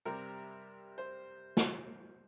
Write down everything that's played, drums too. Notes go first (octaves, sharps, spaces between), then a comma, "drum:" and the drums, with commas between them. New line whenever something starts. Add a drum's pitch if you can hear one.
C3 G3 C4 A#4
C5
drum: snare